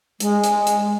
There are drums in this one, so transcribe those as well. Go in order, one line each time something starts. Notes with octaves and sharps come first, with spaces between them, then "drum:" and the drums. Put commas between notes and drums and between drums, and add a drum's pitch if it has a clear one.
G#3, drum: hi-hat
drum: hi-hat
drum: hi-hat